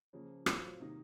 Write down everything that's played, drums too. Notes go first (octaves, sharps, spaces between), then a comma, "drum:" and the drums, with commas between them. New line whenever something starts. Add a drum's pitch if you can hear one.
C#3 F3 A#3
A2 F#3 C4 F4, drum: rim click
C3 D#3 A#3 D#4